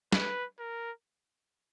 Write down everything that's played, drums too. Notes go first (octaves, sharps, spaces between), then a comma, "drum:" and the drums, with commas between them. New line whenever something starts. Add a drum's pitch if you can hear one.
B4, drum: snare
A#4